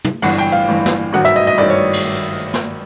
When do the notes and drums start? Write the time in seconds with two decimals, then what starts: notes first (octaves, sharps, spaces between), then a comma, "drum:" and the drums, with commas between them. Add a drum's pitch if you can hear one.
0.05 drum: tom
0.22 G1 G2 E3 F#5, drum: cymbal
0.38 G5, drum: hi-hat
0.52 F5
0.68 G1 G2 E3
0.86 drum: snare
1.13 G#1 G2 D#3 F#3 F#5
1.25 E5, drum: hi-hat
1.36 D#5
1.47 D#5
1.58 G#1 G2 D#3 F#3 D5
1.70 C#5
1.93 drum: cymbal
2.54 drum: snare